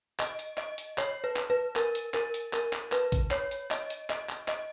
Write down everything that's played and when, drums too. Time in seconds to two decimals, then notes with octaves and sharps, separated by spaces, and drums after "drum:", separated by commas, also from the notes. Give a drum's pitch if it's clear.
0.20 D#5, drum: clap
0.39 drum: hi-hat
0.58 D#5, drum: clap
0.78 drum: hi-hat
0.98 C#5, drum: clap
1.24 B4
1.37 drum: clap
1.50 B4
1.76 A#4, drum: clap
1.95 drum: hi-hat
2.14 A#4, drum: clap
2.34 drum: hi-hat
2.53 A#4, drum: clap
2.73 drum: clap
2.92 B4, drum: clap
3.12 drum: kick A1, hi-hat
3.31 C#5, drum: clap
3.51 drum: hi-hat
3.71 D#5, drum: clap
3.90 drum: hi-hat
4.10 D#5, drum: clap
4.29 drum: clap
4.48 D#5, drum: clap